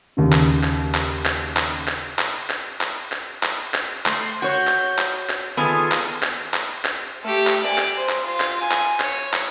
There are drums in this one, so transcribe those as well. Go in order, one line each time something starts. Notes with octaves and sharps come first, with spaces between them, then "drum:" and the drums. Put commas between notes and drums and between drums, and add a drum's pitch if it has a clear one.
D#2 C#3
drum: clap
drum: clap
drum: clap
drum: clap
drum: clap
drum: clap
drum: clap
drum: clap
drum: clap
drum: clap
drum: clap
drum: clap
A3 C6, drum: clap
F#4 C#5 G6
drum: clap
drum: clap
drum: clap
D#3 B3 F4 G#4 A4 G#5
drum: clap
drum: clap
drum: clap
drum: clap
A3 G4
drum: clap
D5 G#5
drum: clap
C5
drum: clap
F4
drum: clap
G#5
drum: clap
C#5, drum: clap
drum: clap